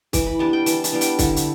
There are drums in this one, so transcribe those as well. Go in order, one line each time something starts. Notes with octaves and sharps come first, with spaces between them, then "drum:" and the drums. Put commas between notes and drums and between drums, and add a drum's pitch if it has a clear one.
E3 D6, drum: kick, hi-hat
B5
G3 B3 D4 A5
G5
E3 A5, drum: hi-hat
A5, drum: hi-hat
G3 B3 D4
G5, drum: hi-hat
D3 E4, drum: kick, hi-hat
drum: hi-hat